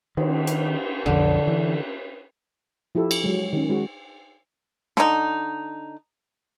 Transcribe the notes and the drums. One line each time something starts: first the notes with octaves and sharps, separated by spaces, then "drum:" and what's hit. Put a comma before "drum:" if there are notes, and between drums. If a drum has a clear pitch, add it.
D#3, drum: cymbal
drum: hi-hat
B1 F2 D3
E3
F3 E4 G4 A4
drum: cymbal
F#3 G#3
D#3 C#4
G#3 F#4
D3 D#4, drum: snare